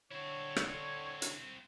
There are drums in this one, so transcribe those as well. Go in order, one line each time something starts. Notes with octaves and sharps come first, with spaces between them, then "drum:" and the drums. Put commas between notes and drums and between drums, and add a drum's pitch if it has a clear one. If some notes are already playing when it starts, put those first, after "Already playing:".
D3 C4 E4 C#5
drum: rim click
drum: hi-hat